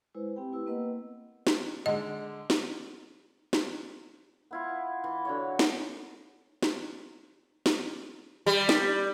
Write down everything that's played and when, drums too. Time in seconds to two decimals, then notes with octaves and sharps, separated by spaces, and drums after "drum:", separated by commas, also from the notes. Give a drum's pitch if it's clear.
0.15 G#3 E4 B4 C5
0.36 C4 G4 G5 B5
0.52 A3 E4 G4 B4 E6
0.66 A#3 B3 A#4 B4 D#5 F#5
1.47 drum: snare
1.86 D3 G#3 D#5
2.50 drum: snare
3.53 drum: snare
4.51 B3 E4 F4
5.04 E3
5.25 D3 F#3 C#5
5.59 drum: snare
6.63 drum: snare
7.66 drum: snare
8.46 G3
8.69 drum: snare